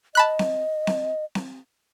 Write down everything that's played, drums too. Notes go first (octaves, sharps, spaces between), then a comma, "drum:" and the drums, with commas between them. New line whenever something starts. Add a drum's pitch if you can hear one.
D#5 A5 B5 F#6
drum: snare C4
drum: snare C4
drum: snare C4